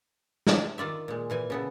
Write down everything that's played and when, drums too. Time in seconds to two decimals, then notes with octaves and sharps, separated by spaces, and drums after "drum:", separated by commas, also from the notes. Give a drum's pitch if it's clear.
0.47 drum: snare
0.78 D#3 F4 D5 E5
1.08 A#2 G#3
1.30 A#2 E3 G#5
1.50 C#3 B3 A4